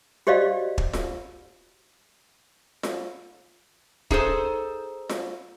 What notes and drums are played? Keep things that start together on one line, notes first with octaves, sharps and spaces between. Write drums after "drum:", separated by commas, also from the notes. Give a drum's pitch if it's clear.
F#4 G4 C5 D5 D#5 F5
drum: kick
drum: snare F4
drum: snare F4
D#4 G#4 A4 C5, drum: kick
drum: snare F4